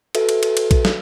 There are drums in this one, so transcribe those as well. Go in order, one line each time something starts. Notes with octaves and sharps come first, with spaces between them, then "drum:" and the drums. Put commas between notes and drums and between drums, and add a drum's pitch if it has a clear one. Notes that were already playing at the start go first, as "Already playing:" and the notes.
F#4 A4 B4 E5, drum: cymbal
drum: cymbal
drum: cymbal
drum: cymbal
drum: kick A#1, cymbal
drum: snare